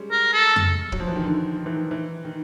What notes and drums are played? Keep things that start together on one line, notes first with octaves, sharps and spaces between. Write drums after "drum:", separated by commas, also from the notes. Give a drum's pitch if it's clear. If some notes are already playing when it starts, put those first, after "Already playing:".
Already playing: G3 G#3 C#4
A#4
A4
drum: tom F2
F#3, drum: kick D1
F3
E3
D#3
D3
D#3
E3
D#3
E3
D#3